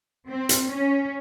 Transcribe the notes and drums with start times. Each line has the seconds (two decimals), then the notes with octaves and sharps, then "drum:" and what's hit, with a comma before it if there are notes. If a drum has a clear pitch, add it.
0.28 C4
0.49 drum: hi-hat
0.70 C#4